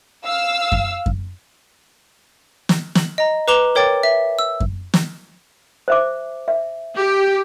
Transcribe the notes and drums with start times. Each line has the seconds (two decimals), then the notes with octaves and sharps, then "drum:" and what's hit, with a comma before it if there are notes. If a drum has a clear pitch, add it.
0.25 F5 E6
0.72 drum: kick F#2
1.06 drum: kick F#2
2.69 drum: snare
2.95 F#7, drum: snare
3.18 D#5 A#5
3.48 B4 A#5 D6 E7 F7 G7
3.75 A#4 C#5 G5 D6 A6
4.03 E5
4.39 E6
4.60 drum: kick F#2
4.94 drum: snare
5.88 C5 E5 D6
6.48 E5
6.97 G4